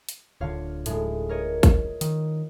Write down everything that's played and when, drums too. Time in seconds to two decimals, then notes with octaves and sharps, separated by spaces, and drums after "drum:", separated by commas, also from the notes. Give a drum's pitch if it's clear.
0.09 drum: hi-hat
0.41 D1 D3 F4 C#5 F5
0.86 A2 G#3, drum: hi-hat
1.29 A#4 C#5 D#5
1.63 drum: kick, hi-hat
2.01 D#3, drum: hi-hat